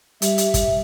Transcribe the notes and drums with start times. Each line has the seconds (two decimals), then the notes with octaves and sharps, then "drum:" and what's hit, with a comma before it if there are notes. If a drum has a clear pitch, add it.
0.22 G3 E5, drum: hi-hat
0.38 drum: hi-hat
0.54 drum: kick, hi-hat